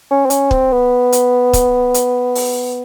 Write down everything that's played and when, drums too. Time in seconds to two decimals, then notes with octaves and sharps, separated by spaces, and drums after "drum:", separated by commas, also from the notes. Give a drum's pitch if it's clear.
0.11 C#4
0.25 C4
0.30 C#4, drum: hi-hat
0.51 C4, drum: kick
0.72 B3
1.12 drum: hi-hat
1.53 drum: kick, hi-hat
1.94 drum: hi-hat
2.35 drum: open hi-hat